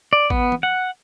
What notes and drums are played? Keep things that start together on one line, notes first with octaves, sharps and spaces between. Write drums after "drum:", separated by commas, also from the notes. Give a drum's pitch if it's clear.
D5
B3, drum: kick A1
drum: tom E3
F#5